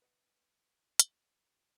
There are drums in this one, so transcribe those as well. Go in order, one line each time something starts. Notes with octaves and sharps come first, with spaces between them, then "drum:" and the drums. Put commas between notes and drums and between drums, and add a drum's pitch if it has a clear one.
B4 D#5 F#5
drum: hi-hat